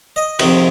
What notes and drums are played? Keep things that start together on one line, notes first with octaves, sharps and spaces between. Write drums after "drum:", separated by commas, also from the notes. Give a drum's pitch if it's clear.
D#5
F2 C3 D#3, drum: cymbal